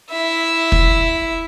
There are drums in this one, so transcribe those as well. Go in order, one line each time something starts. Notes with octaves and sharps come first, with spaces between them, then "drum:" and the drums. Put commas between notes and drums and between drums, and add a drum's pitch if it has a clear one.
E4 E5
drum: kick